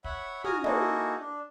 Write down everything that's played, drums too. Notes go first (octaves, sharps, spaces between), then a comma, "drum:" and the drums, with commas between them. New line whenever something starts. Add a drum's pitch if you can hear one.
C#5 E5 F#5 B5, drum: kick
F#4 G#5 A#5 D#6 F6, drum: tom
A#3 D#4 E4 F#4 G#4 A4, drum: tom
D4